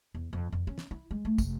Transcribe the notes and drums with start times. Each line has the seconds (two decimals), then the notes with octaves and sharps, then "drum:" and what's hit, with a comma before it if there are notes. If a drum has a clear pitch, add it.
0.14 E2
0.33 F2
0.52 F2
0.67 C#4
0.78 drum: snare
0.91 E4
1.11 G#3
1.25 A3
1.38 F1, drum: kick, tambourine